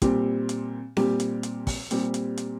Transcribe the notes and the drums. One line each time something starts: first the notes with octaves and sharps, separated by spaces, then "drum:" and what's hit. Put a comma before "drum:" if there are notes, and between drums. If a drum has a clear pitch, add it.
A#2 G3 C4 G4, drum: kick, hi-hat
drum: hi-hat
A#2 G3 C4 G4, drum: snare C4
drum: hi-hat
drum: hi-hat
drum: kick, open hi-hat
A#2 G3 C4 G4, drum: hi-hat
drum: hi-hat
drum: hi-hat